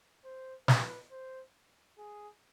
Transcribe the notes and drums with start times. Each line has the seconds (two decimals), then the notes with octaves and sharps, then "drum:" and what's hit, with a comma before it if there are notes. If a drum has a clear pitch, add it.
0.24 C5
0.68 B4, drum: snare
1.11 C5
1.98 G#4